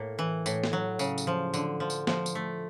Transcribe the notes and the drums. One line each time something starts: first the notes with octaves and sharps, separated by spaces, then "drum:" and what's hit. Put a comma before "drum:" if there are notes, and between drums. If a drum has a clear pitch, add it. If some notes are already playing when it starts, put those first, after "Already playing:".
Already playing: A2 A#3
E3
A2, drum: tambourine
drum: snare
F#3
C#3, drum: tambourine
drum: tambourine
F3
D3, drum: tambourine
F3
drum: tambourine
F3, drum: snare
drum: tambourine
A3